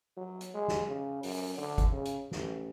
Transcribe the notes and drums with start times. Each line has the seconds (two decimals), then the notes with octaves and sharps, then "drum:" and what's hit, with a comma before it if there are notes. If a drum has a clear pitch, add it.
0.17 F#3
0.41 drum: hi-hat
0.54 G#3
0.68 drum: snare
0.87 C#3
1.23 F#2, drum: open hi-hat
1.58 D3
1.78 drum: kick, hi-hat
1.92 C#3
2.05 drum: hi-hat
2.31 A1, drum: snare